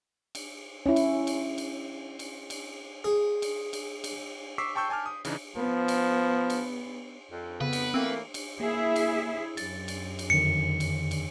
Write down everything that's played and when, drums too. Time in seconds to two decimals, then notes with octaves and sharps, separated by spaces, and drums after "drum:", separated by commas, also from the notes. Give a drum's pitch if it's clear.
0.35 drum: cymbal
0.86 C#4 E4
0.96 drum: cymbal
1.27 drum: cymbal
1.58 drum: cymbal
2.19 drum: cymbal
2.50 drum: cymbal
3.04 G#4
3.42 drum: cymbal
3.73 drum: cymbal
4.04 drum: cymbal
4.58 C#6 D6 E6 B6 C7
4.75 G5 A5 C#6 E6 G6
4.90 G#5 A5 D6 F6
5.06 D#6
5.25 C#3 E3 D4 D#4, drum: cymbal
5.56 F3 B3
5.88 drum: cymbal
6.50 drum: cymbal
7.31 F2
7.61 C#3 B3 B4
7.73 drum: cymbal
7.94 E3 A3 A#3 C4
8.34 drum: cymbal
8.60 A#3 E4 G#4 E5
8.96 drum: cymbal
9.57 F#2 A6, drum: cymbal
9.88 drum: cymbal
10.19 drum: cymbal
10.30 F2 D3 D#3 C#7
10.80 drum: cymbal
11.11 drum: cymbal